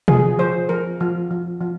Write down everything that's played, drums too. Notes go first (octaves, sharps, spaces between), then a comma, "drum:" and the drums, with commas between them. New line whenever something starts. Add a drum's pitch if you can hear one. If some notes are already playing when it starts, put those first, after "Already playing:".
F3 G#4, drum: tom B2
F3 C5
F3 A#4
F3
F3
F3